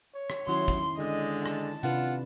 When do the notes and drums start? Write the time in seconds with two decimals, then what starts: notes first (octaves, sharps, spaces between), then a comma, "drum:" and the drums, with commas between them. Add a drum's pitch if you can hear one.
0.15 C#5
0.30 drum: rim click
0.48 D#3 F#3 C#4 E4 C6
0.68 drum: kick G1, hi-hat
0.98 D3 G#3 D#5
1.46 A5, drum: rim click
1.83 C3 D4 F4 B4 F#5, drum: hi-hat